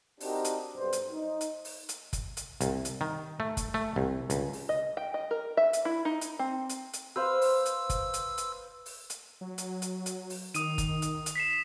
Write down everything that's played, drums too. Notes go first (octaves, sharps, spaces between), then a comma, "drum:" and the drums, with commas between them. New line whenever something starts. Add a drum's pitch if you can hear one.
C4 D4 D#4 F#4 G4 A#4, drum: open hi-hat
drum: hi-hat
B1 G2 C5
drum: hi-hat
D#4
drum: hi-hat
drum: open hi-hat
drum: hi-hat
drum: kick G1, hi-hat
drum: hi-hat
C2, drum: hi-hat
drum: hi-hat
D#3
A3
drum: kick G1, hi-hat
A3
C2
C#2, drum: hi-hat
drum: open hi-hat
D#5
G5
D#5
A#4
E5
drum: hi-hat
E4
D#4
drum: hi-hat
C4
drum: hi-hat
drum: hi-hat
B4 C5 F5 E6
drum: open hi-hat
drum: hi-hat
drum: kick G1, hi-hat
drum: hi-hat
drum: hi-hat
drum: open hi-hat
drum: hi-hat
F#3
drum: hi-hat
drum: hi-hat
drum: hi-hat
drum: open hi-hat
D#3 D#6 D#7, drum: hi-hat
drum: kick G1, hi-hat
drum: hi-hat
drum: hi-hat
B6 C7 E7